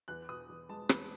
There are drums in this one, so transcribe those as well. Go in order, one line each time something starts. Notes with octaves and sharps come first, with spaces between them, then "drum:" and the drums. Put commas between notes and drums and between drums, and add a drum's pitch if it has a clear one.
E2 F#6
B2 D#6
E2
G#3 A5
E2 B5, drum: rim click